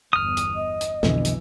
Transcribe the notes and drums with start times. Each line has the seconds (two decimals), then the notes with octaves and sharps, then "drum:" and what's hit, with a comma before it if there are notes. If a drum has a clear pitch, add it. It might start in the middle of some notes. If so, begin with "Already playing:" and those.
0.13 G1 E2 D#6 F6
0.37 drum: hi-hat
0.55 D#5
0.81 drum: hi-hat
1.03 B1 F2 B2 D3 E3, drum: snare
1.25 drum: hi-hat